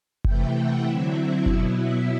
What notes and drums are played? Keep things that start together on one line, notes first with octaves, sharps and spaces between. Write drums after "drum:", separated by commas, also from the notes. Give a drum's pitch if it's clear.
C3 E3 A3 E4 G5, drum: kick F#1
F#5
D3 F#3 C4 E4 E5
B2 F#3 B3 E4, drum: kick F#1
E5